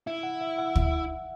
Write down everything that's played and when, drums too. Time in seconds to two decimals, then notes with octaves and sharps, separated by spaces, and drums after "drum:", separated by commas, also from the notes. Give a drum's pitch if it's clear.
0.07 E4 E5
0.23 F#5
0.41 E5
0.58 F#5
0.76 drum: kick